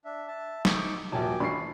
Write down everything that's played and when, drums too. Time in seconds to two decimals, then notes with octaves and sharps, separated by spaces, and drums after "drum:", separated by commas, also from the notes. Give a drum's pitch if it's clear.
0.05 D4 E5
0.28 E5 A5
0.65 D#4 C#6 D6, drum: snare
1.12 D#1 A#1 F#4 G4 G#5 A5 D6
1.40 A1 D4 B5 C#6 C7